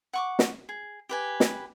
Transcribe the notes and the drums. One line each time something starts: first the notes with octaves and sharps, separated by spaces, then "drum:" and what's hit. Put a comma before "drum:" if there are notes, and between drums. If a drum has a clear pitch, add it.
F#5 C#6 D6
drum: snare
G#4
G4 B4 G#5
drum: snare